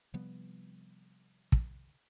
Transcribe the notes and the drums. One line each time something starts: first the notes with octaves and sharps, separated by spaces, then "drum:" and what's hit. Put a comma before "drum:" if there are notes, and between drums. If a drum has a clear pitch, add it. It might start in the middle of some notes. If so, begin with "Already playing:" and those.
C3 F3 G3 B3
drum: kick